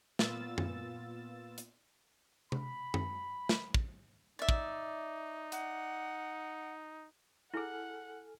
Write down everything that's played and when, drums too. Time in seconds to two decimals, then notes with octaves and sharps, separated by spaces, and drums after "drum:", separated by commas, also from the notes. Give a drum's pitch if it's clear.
0.19 A#2 B3 F4 E6 A6 E7, drum: snare
0.58 drum: tom F#2
1.58 drum: hi-hat
2.52 B5, drum: tom C3
2.94 drum: tom F#2
3.49 drum: snare
3.74 drum: kick
4.39 D#4 D5 E5
4.49 drum: kick
5.52 F#5, drum: hi-hat
7.54 E4 G#4 A4 F#5 G#5 F6